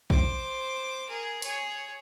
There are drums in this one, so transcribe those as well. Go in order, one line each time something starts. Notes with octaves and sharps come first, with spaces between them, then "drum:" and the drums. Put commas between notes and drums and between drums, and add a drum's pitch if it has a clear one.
C5 D6, drum: kick A#1
G#4 A#4
G#4 C#5, drum: hi-hat